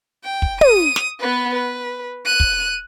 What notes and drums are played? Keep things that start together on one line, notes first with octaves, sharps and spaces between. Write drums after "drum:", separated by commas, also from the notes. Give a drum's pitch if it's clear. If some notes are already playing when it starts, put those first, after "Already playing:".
G5
drum: kick
D#6 D#7, drum: tom
drum: snare
B3 B4
B4
F#6 D#7
drum: kick